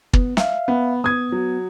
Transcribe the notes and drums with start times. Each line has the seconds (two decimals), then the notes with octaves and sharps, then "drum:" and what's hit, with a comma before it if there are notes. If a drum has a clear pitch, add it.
0.13 B3, drum: kick
0.37 E5 F5, drum: snare
0.68 B3
1.04 B3 D#6 G#6
1.32 F#3